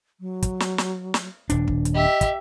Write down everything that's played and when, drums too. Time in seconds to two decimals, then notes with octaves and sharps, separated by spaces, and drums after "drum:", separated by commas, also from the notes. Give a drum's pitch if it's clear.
0.20 F#3
0.43 drum: kick, hi-hat
0.60 drum: snare
0.78 drum: snare
1.14 drum: snare
1.50 D#1 D4, drum: hi-hat
1.67 drum: kick
1.85 drum: hi-hat
1.95 G4 D#5 E5
2.21 drum: kick, hi-hat